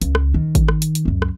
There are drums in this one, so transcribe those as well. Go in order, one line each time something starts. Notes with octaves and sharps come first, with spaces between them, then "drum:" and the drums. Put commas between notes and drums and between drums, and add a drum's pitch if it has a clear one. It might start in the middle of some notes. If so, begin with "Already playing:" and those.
C#2, drum: hi-hat
drum: rim click
D#3
drum: kick G#1, hi-hat
drum: rim click
drum: hi-hat
drum: hi-hat
C#2 F#2
drum: rim click